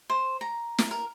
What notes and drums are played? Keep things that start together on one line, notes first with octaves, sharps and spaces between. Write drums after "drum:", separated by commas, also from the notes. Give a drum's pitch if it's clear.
C5
A#5
drum: snare
A#4